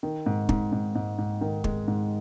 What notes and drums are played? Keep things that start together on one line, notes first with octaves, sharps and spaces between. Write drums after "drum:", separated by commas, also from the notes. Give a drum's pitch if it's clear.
D#3
G#2
G#2, drum: kick
G#2
G#2
G#2
D#3
G#3, drum: kick
G#2